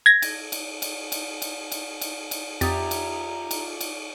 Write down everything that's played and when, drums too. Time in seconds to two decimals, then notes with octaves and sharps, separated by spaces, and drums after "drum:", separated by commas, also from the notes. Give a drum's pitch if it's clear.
0.06 G#6 A#6
0.22 drum: cymbal
0.52 drum: cymbal
0.82 drum: cymbal
1.12 drum: cymbal
1.42 drum: cymbal
1.72 drum: cymbal
2.01 drum: cymbal
2.31 drum: cymbal
2.61 F2 F4 G4 E5 A#5 D#6 A6, drum: cymbal
2.91 drum: cymbal
3.51 drum: cymbal
3.81 drum: cymbal